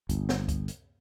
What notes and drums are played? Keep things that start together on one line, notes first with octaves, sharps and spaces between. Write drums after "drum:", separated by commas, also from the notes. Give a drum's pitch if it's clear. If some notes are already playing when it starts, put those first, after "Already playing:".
G1, drum: kick C#2, hi-hat
drum: snare
drum: kick C#2, hi-hat
drum: hi-hat